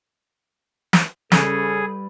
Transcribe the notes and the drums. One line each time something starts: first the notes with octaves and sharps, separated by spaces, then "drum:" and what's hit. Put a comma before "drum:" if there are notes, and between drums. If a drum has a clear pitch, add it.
drum: snare
C#3 G3 C#4 G#4 A4 B4, drum: snare